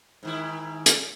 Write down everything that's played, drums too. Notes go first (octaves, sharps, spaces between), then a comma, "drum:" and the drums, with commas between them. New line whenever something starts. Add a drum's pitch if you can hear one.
G#2 D#3 E4
drum: hi-hat